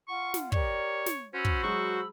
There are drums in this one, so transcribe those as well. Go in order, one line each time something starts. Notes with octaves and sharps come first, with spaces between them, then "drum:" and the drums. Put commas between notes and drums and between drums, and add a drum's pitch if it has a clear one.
F4 F#5 C#6
drum: snare
G4 A#4 C#5 D5, drum: kick
drum: snare
C#4 F#4 C5 B5 E6
drum: kick
F#3 G#3 C#6